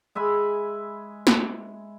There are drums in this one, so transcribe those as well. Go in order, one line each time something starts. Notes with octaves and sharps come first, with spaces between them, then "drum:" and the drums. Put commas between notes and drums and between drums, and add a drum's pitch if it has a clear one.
G#3 E5 G#5 B5
drum: snare